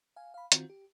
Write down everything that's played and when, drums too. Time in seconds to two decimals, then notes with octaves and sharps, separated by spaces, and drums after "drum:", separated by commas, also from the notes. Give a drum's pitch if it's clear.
0.16 F5 G#5
0.34 F5 B5
0.52 D#3 C4 F4 F#4, drum: hi-hat
0.70 G4